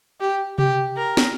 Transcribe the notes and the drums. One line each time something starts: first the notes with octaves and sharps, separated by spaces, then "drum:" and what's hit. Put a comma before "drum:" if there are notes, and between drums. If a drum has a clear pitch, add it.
G4
G4, drum: tom C3
A#4
drum: snare